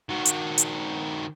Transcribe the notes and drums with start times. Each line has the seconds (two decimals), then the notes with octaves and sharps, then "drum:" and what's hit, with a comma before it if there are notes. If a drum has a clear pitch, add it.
0.09 D#3 F#4
0.25 drum: hi-hat
0.58 drum: hi-hat